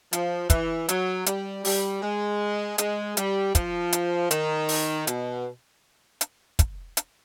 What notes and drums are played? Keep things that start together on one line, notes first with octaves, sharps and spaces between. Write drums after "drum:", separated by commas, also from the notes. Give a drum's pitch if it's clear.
F3, drum: hi-hat
E3, drum: kick, hi-hat
F#3, drum: hi-hat
G3, drum: hi-hat
G3, drum: open hi-hat
G#3
G#3, drum: hi-hat
G3, drum: hi-hat
F3, drum: kick, hi-hat
drum: hi-hat
D#3, drum: hi-hat
drum: open hi-hat
B2, drum: hi-hat
drum: hi-hat
drum: kick, hi-hat
drum: hi-hat